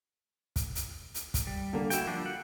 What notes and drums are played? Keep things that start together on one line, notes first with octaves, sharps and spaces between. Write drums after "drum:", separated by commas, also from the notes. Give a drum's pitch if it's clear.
drum: kick, hi-hat
drum: hi-hat
drum: hi-hat
drum: kick, hi-hat
G3
D3 A#3
E4 F#4 G5, drum: hi-hat
F3 G3 D4
F#5